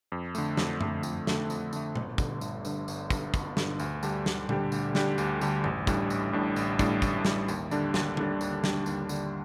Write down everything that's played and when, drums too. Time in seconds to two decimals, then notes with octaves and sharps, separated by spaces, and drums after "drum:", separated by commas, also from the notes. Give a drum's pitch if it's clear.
0.12 F2
0.35 D3 A3, drum: tambourine
0.57 F2, drum: snare
0.81 D3 A3, drum: tom F#2
1.03 F2, drum: tambourine
1.27 D3 A3, drum: snare
1.50 F2, drum: tambourine
1.73 D3 A3, drum: tambourine
1.95 G1, drum: tom A#2
2.18 G2 D3, drum: kick, tambourine
2.41 G1, drum: tambourine
2.65 G2 D3, drum: tambourine
2.88 G1, drum: tambourine
3.10 G2 D3, drum: kick, tambourine
3.34 G1, drum: kick, tambourine
3.57 G2 D3, drum: snare
3.80 D2, drum: tambourine
4.03 D3 G3 D4 G4, drum: tambourine
4.26 D2, drum: snare
4.49 D3 G3 D4 G4, drum: tom A#2
4.72 D2, drum: tambourine
4.95 D3 G3 D4 G4, drum: snare
5.18 D2, drum: tambourine
5.41 D3 G3 D4 G4, drum: tambourine
5.64 A1, drum: tom F#2
5.87 A2 G3 D4, drum: kick, tambourine
6.10 A1, drum: tambourine
6.33 A2 G3 D4
6.56 A1, drum: tambourine
6.79 A2 G3 D4, drum: kick, tambourine
7.02 A1, drum: kick, tambourine
7.25 A2 G3 D4, drum: snare
7.48 D#2, drum: tambourine
7.71 D3 G3 D4, drum: tambourine
7.94 D#2, drum: snare
8.17 D3 G3 D4, drum: tom D3
8.41 D#2, drum: tambourine
8.64 D3 G3 D4, drum: snare
8.86 D#2, drum: tambourine
9.09 D3 G3 D4, drum: tambourine